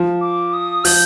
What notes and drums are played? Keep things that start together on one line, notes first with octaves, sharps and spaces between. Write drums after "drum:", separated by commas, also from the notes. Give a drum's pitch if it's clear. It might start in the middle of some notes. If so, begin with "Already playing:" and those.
Already playing: F3
D6
D#6
F3 G6, drum: open hi-hat